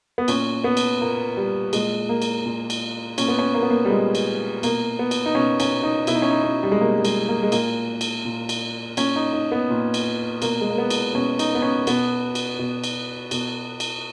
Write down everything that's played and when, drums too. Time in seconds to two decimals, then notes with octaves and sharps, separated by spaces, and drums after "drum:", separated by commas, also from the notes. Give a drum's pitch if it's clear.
0.18 B3
0.28 A#2 C#4, drum: cymbal
0.64 B3
0.77 drum: cymbal
1.01 A#2 A#3
1.37 G3
1.73 A#2 G#3, drum: cymbal
2.09 A#3
2.22 drum: cymbal
2.46 A#2
2.70 drum: cymbal
3.18 A#2 C#4, drum: cymbal
3.28 B3
3.39 C#4
3.54 A#3
3.62 B3
3.70 A#3
3.85 G3
3.90 A#2 G#3
4.15 drum: cymbal
4.63 B2 A#3, drum: cymbal
4.99 B3
5.11 drum: cymbal
5.26 D#4
5.35 B2 C#4
5.60 C#4, drum: cymbal
5.83 D#4
6.07 B2 E4, drum: cymbal
6.15 D#4
6.22 C#4
6.30 D#4
6.43 C#4
6.63 G3
6.72 G#3
6.80 B2 A#3
6.98 G3
7.05 G#3, drum: cymbal
7.28 A#3
7.43 G#3
7.52 A#2 A#3, drum: cymbal
8.01 drum: cymbal
8.25 A#2
8.49 drum: cymbal
8.97 A#2 C#4, drum: cymbal
9.16 D#4
9.33 D#4
9.52 B3
9.70 A#2
9.94 drum: cymbal
10.42 B2 A#3, drum: cymbal
10.61 G#3
10.70 A#3
10.78 B3
10.90 drum: cymbal
11.15 B2 C#4
11.39 D#4, drum: cymbal
11.55 B3
11.62 C#4
11.87 B2 B3, drum: cymbal
12.35 drum: cymbal
12.59 B2
12.84 drum: cymbal
13.31 B2, drum: cymbal
13.80 drum: cymbal